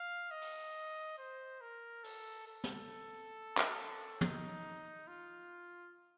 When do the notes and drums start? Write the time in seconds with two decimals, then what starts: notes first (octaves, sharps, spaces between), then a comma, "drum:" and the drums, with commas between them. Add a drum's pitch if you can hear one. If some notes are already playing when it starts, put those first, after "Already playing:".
Already playing: F5
0.31 D#5
0.42 drum: open hi-hat
1.18 C5
1.61 A#4
2.04 A4, drum: open hi-hat
2.48 A4
2.64 drum: snare
3.58 drum: clap
4.21 D#4, drum: tom
5.08 F4